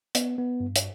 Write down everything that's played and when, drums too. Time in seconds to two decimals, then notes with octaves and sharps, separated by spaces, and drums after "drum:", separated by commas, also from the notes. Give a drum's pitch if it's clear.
0.15 B3, drum: hi-hat
0.38 B3
0.60 G2
0.76 drum: hi-hat